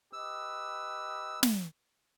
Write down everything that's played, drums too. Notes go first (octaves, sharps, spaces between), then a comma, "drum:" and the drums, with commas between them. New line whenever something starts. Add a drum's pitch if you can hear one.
G4 B4 D#5 E6
drum: snare